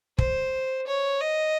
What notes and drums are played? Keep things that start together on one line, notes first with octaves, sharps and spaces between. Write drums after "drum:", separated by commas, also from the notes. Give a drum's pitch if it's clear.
C5, drum: kick
C#5
D#5